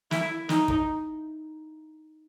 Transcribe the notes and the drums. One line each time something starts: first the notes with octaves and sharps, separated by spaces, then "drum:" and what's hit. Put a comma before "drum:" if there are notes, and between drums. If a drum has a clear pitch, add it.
E4, drum: snare
D#4, drum: snare
drum: kick